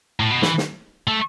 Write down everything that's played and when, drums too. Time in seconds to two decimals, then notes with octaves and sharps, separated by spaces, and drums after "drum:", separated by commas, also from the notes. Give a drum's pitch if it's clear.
0.20 A2
0.31 B2
0.42 E3, drum: snare
0.58 drum: snare
1.08 A3